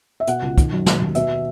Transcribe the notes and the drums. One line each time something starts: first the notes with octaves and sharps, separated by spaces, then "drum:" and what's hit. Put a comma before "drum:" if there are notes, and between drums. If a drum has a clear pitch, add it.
E5
B2 F#5, drum: hi-hat
C#2
D#3, drum: kick, hi-hat
F#2
D#3, drum: snare
D#2
B2 E5, drum: hi-hat